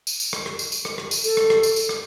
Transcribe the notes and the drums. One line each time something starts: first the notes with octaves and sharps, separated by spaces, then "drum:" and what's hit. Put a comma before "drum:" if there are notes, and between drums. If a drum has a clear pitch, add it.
drum: tambourine
drum: tambourine
drum: rim click
drum: rim click
drum: tambourine
drum: tambourine
drum: rim click
drum: rim click
drum: tambourine
A4, drum: tambourine
drum: rim click
drum: rim click
drum: tambourine
drum: tambourine
drum: rim click